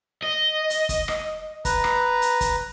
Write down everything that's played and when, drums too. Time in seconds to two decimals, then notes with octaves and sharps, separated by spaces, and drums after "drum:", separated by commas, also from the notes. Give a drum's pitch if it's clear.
0.23 D#5
0.70 drum: hi-hat
0.89 drum: kick, hi-hat
1.08 drum: rim click
1.65 B4 A#5, drum: kick, hi-hat
1.84 drum: rim click
2.22 drum: hi-hat
2.41 drum: kick, hi-hat